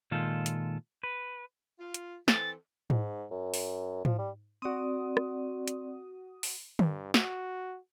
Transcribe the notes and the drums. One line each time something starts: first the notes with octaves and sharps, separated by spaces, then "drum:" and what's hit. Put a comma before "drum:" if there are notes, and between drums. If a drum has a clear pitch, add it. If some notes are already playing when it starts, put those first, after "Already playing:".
A#2 D#3 G#3 F4 A4
drum: hi-hat
B4
F4
drum: hi-hat
E3 C4 A4 A6, drum: snare
G#2, drum: tom G#2
F#2
drum: open hi-hat
F3, drum: tom G#2
G3
C4 F#4 D5 D#6
drum: rim click
drum: hi-hat
drum: open hi-hat
G2, drum: tom D3
F#4, drum: snare